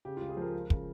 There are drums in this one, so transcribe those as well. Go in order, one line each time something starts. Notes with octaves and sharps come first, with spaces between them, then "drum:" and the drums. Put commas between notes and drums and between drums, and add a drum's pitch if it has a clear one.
C#3 G4
C#2 F4
G#4
F3 A#4
C#2
C#3, drum: kick